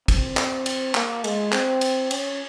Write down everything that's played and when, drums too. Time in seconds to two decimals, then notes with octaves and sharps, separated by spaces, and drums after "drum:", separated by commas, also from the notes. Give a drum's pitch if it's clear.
0.08 C4, drum: kick, cymbal
0.37 drum: clap
0.66 drum: cymbal
0.95 A#3, drum: clap
1.24 G#3, drum: cymbal
1.52 C4, drum: clap
1.81 drum: cymbal
2.11 C#4, drum: cymbal